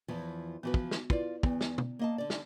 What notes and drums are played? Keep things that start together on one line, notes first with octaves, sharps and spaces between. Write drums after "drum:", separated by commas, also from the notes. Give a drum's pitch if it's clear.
E2 E3 F3
E3 F3 B3 F#4 B4
drum: kick
drum: snare
E4 F4 B4 D5, drum: kick
E2 B3, drum: kick
drum: snare
drum: tom B2
A#3 D#5 A5
D3 D5
drum: snare